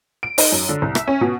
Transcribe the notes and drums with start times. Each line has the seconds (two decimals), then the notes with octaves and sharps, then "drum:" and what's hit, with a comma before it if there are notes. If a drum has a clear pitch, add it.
0.23 D7
0.38 D#4, drum: open hi-hat
0.52 F#2
0.69 D3
0.82 C2
0.95 E5, drum: rim click
1.08 C#4
1.21 B2